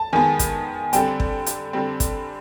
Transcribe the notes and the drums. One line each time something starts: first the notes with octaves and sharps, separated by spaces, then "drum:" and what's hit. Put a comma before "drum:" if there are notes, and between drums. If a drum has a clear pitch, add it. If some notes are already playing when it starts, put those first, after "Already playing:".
Already playing: A5
D#3 G#3 B3 G#5
drum: kick, hi-hat
D3 G3 C4 G5, drum: hi-hat
drum: kick
drum: hi-hat
D3 G3 C4
drum: kick, hi-hat